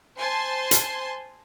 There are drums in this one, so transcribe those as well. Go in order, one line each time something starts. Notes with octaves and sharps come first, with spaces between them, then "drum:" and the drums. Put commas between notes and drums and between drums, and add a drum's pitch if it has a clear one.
C5 G#5 A5 C6
drum: hi-hat